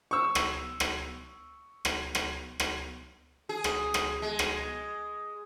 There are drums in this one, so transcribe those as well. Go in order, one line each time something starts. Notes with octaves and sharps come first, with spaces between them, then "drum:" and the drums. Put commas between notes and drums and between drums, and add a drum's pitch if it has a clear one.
C#6 E6
drum: rim click
drum: rim click
drum: rim click
drum: rim click
drum: rim click
G#4
drum: rim click
drum: rim click
G#3
drum: rim click